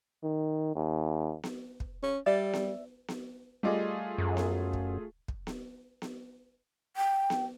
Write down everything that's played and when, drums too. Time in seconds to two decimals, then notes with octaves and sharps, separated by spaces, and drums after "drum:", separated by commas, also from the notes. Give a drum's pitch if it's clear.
0.24 D#3
0.76 D#2
1.43 drum: snare B3
1.80 drum: kick
2.03 C#4
2.26 G3 D5 E5
2.53 drum: snare B3
3.08 drum: snare B3
3.63 G3 A3 F4 G#4 D#5 D6
4.18 F#2
4.37 drum: snare B3
4.73 drum: kick
5.28 drum: kick
5.47 drum: snare B3
6.02 drum: snare B3
6.97 G5
7.30 drum: snare B3